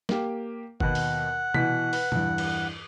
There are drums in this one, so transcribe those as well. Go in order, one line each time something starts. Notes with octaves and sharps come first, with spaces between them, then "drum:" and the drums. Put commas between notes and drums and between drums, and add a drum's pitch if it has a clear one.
A#3 G4, drum: snare
D#2 B2 F#5, drum: kick G1
drum: open hi-hat
B2 E3 B6, drum: tom C3
B4, drum: open hi-hat
E2 G2, drum: tom B2
drum: cymbal